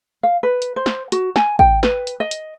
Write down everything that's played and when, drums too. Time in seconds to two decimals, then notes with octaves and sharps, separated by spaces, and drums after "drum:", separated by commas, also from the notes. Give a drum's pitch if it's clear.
0.23 F5
0.43 B4
0.62 drum: hi-hat
0.76 C5
0.86 drum: snare
1.12 F#4, drum: hi-hat
1.36 G#5, drum: snare
1.59 G5, drum: kick
1.83 B4, drum: snare
2.07 drum: hi-hat
2.20 D#5
2.31 drum: hi-hat